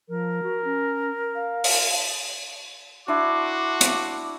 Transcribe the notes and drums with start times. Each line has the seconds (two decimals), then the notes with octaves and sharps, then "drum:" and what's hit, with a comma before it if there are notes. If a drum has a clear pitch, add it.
0.09 F3 A#4
0.43 F#4
0.65 C#4
1.35 F5
1.64 drum: open hi-hat
3.08 D4 E4 F#4 E5 C6 D6
3.81 drum: hi-hat